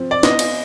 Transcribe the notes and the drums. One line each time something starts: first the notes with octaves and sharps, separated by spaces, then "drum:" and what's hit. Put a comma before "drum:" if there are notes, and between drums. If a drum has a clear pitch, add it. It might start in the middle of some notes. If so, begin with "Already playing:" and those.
Already playing: F3 C4
D5
B3 D#5, drum: snare
drum: cymbal